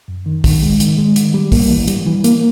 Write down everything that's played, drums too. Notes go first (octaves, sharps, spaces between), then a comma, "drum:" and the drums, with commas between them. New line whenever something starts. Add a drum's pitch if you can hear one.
F#2
D#3
D#3, drum: kick, open hi-hat
G#3
D#3, drum: hi-hat
G#3
D#3, drum: hi-hat
G3
A#3, drum: kick, open hi-hat
E3
G3, drum: hi-hat
E3
A#3, drum: hi-hat